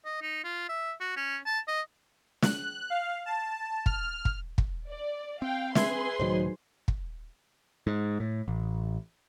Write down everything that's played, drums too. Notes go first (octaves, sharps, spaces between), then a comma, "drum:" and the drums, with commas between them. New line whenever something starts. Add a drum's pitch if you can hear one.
D#5
D#4
F4
E5
F#4
C#4
A5
D#5
F#6, drum: snare
F5
A5
F6, drum: kick
drum: kick
drum: kick
D5
C4 F5 G5
G#4 B4 E5 C6 G#6, drum: snare
C#2 A2 D#3 F#3 D#4 C5
drum: kick
G#2
A2
A1